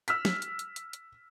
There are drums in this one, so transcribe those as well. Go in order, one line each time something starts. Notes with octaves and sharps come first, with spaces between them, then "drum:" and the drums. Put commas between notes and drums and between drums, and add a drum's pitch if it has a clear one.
E6 F6 B6, drum: hi-hat
drum: snare
drum: hi-hat
drum: hi-hat
drum: hi-hat
drum: hi-hat